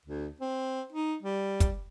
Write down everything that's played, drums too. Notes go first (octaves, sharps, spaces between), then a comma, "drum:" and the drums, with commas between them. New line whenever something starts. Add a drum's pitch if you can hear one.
D2
C4
D#4
G3
drum: kick, hi-hat